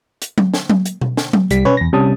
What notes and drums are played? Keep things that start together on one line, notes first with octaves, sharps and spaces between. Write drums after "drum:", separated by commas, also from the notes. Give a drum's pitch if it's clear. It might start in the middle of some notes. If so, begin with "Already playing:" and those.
drum: hi-hat
drum: tom F#3
drum: snare
drum: tom F#3
drum: hi-hat
drum: tom B2
drum: snare
drum: tom F#3
C2 G3 B6, drum: hi-hat
C#4 B4 C#5, drum: tom B2
E2 A#6
C3 G3 C#4 A5 D#6